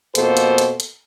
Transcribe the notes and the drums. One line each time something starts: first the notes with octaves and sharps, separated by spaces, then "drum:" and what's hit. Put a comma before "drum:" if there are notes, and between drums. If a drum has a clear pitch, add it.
F2 B2 A#3 A4 C5, drum: hi-hat
drum: hi-hat
drum: hi-hat
drum: hi-hat